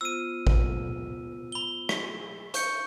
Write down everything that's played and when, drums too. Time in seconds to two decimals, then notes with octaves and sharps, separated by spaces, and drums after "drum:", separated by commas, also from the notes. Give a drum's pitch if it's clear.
0.01 B3 F4 C5 E6 D#7
0.47 drum: kick A1
1.52 B5 G7
1.89 drum: rim click
2.54 C#6 G6 C#7, drum: hi-hat